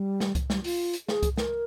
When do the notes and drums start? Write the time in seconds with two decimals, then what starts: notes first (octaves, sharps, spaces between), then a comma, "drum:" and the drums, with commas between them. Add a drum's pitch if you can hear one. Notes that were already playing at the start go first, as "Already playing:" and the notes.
Already playing: G3
0.20 drum: snare
0.35 drum: kick C2, hi-hat
0.50 G3, drum: snare
0.64 F4, drum: open hi-hat
0.93 drum: hi-hat
1.08 G#4, drum: snare
1.23 drum: kick C2, hi-hat
1.37 A#4, drum: snare